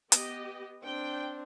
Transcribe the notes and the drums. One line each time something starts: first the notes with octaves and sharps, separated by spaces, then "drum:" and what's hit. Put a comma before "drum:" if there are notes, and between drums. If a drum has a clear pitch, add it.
B3 G4 D#5, drum: hi-hat
C4 D4 G5